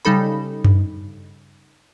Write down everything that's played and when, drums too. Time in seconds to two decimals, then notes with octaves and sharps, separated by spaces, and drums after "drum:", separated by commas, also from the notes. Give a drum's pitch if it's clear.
0.05 C#3 G3 D#4 A4 B5
0.64 drum: tom F#2